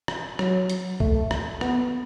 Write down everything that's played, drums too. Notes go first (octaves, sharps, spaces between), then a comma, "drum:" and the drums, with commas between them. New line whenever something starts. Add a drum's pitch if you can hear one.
drum: rim click
F#3, drum: rim click
drum: hi-hat
A3, drum: kick C2
drum: rim click
B3, drum: rim click